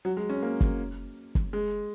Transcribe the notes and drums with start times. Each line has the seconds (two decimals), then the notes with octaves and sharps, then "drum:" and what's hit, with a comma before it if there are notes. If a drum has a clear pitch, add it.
0.05 F#3
0.17 G#3
0.29 C#4
0.42 A#3
0.61 drum: kick
1.35 drum: kick
1.53 G#3